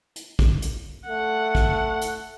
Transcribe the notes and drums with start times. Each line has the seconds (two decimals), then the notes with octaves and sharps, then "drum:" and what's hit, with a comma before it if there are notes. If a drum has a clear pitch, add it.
0.16 drum: hi-hat
0.39 drum: kick
0.62 drum: hi-hat
1.08 A3 F#5
1.55 drum: kick
2.01 drum: hi-hat